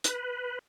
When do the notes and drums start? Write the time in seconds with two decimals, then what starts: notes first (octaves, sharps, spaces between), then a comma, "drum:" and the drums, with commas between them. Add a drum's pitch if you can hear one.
0.04 B4, drum: hi-hat